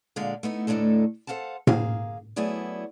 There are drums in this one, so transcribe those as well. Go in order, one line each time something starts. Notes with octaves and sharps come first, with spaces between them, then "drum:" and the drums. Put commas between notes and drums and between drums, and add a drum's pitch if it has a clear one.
A#2 D3 G#3 D5 F5
A3 B3 D#4 E4
D2 A2 A3 D4 D#4 A4
A4 C5 F5 F#5 A5
A#3 G#4 F5, drum: tom A2
F#3 A3 B3 E4 G#4 D5